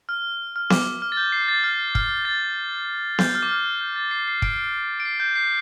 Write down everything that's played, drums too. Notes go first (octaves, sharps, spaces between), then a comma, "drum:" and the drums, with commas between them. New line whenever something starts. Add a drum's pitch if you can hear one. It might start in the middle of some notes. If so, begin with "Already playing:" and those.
F6
F6
D6, drum: snare B3
F6
A6
G6
C7
A6
F6
F6, drum: kick
A6
G6, drum: snare B3
F6
D6
F6
G6
A6
C7
C7
D7, drum: kick
D7
C7
G6
C7